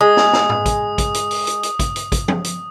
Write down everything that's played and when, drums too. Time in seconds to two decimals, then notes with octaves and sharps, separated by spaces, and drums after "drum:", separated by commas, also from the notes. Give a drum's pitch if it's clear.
0.01 G#3 D#6
0.17 drum: snare
0.33 drum: snare
0.49 drum: tom A2
0.66 drum: kick, hi-hat
0.98 drum: kick, hi-hat
1.14 drum: hi-hat
1.31 drum: open hi-hat
1.47 drum: hi-hat
1.63 drum: hi-hat
1.79 drum: kick, hi-hat
1.96 drum: hi-hat
2.12 drum: kick, hi-hat
2.28 drum: tom F3
2.44 drum: hi-hat